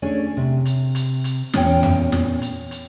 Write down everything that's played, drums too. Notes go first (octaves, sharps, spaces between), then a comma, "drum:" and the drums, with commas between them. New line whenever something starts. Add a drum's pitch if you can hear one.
A3 C#4 D4 G#4
C3
drum: hi-hat
drum: hi-hat
drum: hi-hat
E2 A#2 C#4 C#5 G5, drum: snare
drum: tom F2
drum: snare
drum: hi-hat
drum: hi-hat